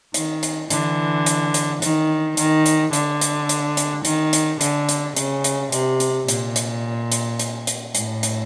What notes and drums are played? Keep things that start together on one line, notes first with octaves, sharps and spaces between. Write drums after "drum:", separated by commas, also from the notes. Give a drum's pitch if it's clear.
D#3, drum: hi-hat
drum: hi-hat
D3 E3, drum: hi-hat
drum: hi-hat
drum: hi-hat
D#3, drum: hi-hat
D#3, drum: hi-hat
drum: hi-hat
D3, drum: hi-hat
drum: hi-hat
drum: hi-hat
drum: hi-hat
D#3, drum: hi-hat
drum: hi-hat
D3, drum: hi-hat
drum: hi-hat
C#3, drum: hi-hat
drum: hi-hat
C3, drum: hi-hat
drum: hi-hat
A#2, drum: hi-hat
drum: hi-hat
drum: hi-hat
drum: hi-hat
drum: hi-hat
A2, drum: hi-hat
drum: hi-hat